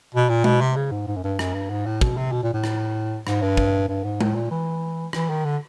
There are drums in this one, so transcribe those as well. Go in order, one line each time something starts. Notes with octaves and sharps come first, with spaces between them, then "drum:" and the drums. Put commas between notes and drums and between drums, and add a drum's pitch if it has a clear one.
B2
A#2
B2, drum: tom G#3
C3
C#3
G#2
G#2
F#2
G2
F#2, drum: rim click
G2
G#2
A2
B2, drum: kick
C3
B2
A#2
A2
drum: rim click
G#2, drum: rim click
G2
drum: kick
G2
G#2
A2, drum: tom G#3
A#2
E3
E3, drum: rim click
D#3
D3